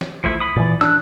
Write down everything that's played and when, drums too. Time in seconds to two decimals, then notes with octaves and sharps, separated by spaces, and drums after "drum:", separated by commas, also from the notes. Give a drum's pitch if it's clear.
0.01 drum: snare
0.24 F3 A3 E4, drum: kick
0.40 B5 D#6
0.56 A#2 E3 D5
0.81 D4 E6 F#6, drum: snare